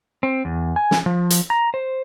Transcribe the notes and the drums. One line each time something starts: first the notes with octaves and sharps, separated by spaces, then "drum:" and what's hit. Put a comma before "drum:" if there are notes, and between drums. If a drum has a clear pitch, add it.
C4
E2
G#5
drum: snare
F3
drum: hi-hat
A#5
C5